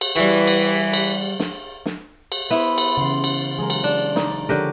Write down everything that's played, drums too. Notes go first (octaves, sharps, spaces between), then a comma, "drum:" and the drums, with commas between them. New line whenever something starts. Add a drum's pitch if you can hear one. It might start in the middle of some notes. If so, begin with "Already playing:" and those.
drum: cymbal
E3 G3 F#4
drum: cymbal
drum: cymbal
drum: snare
drum: snare
drum: cymbal
B3 E4 C5 B5
drum: cymbal
C#3 E3 F#5 C6
drum: cymbal
E3 F#3 G#3 G#4 A#4
drum: cymbal
D4
D#4 D5, drum: snare
D3 F3 D4 G4 A#4 C#5